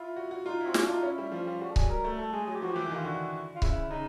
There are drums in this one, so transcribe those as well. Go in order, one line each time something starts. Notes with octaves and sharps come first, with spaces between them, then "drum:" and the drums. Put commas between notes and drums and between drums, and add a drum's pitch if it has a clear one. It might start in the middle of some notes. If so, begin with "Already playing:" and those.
Already playing: E4 F4
F#4
F#4
D#4 F4
E4
C4 F#4
C#4 F4, drum: snare
D4 F4
D#4
C#4 E4
G3
F3 F4
G3 F4
G3 F#4
A4
F#3 G#4, drum: kick C#1
G3 A#4
A3
A3 A4
G#3 G#4
F#3 G#4
G4
F3 F#4
E3 G4
E3
D#3
F4
D3 F#4
F4
C#3 E4, drum: kick C#1
C#3 D#4